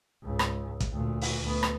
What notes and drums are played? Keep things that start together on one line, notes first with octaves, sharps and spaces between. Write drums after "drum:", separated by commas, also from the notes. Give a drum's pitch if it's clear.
C#2 G#2
drum: rim click
drum: kick, hi-hat
D2 A#2
drum: open hi-hat
D2 B3
drum: rim click